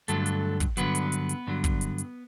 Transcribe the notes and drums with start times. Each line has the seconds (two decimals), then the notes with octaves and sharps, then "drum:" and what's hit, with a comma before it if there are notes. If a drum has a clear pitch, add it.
0.08 G2 D3 F#3 A3 A4, drum: hi-hat
0.26 drum: hi-hat
0.60 drum: kick, hi-hat
0.77 G2 D3 F#3 B3 B4, drum: hi-hat
0.95 drum: hi-hat
1.12 drum: hi-hat
1.29 drum: hi-hat
1.47 G2 D3 F#3
1.64 drum: kick, hi-hat
1.81 drum: hi-hat
1.98 drum: hi-hat